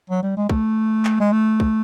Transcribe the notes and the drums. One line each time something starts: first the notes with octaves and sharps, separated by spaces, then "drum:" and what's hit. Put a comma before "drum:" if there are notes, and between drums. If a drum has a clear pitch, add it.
F#3
G3
G#3
A3, drum: kick
drum: clap
G#3
A3
drum: kick